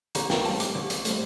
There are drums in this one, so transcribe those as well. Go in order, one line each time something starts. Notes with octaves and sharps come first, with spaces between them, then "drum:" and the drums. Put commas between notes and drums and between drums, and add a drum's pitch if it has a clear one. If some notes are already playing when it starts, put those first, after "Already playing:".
A1 A#5, drum: hi-hat
G5, drum: snare A#4
A2 G3 C4 A5, drum: open hi-hat
D6, drum: hi-hat
A1
drum: hi-hat
A2 G3 C4, drum: hi-hat